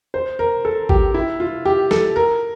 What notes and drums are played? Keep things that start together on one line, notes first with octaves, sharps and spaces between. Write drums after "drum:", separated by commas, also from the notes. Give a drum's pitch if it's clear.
C5
A#4
A4
G4, drum: kick G#1
E4
F4
G4
A4, drum: snare
A#4